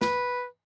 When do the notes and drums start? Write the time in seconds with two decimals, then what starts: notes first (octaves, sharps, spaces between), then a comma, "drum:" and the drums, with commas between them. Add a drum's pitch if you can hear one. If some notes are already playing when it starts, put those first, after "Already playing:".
0.01 B4, drum: snare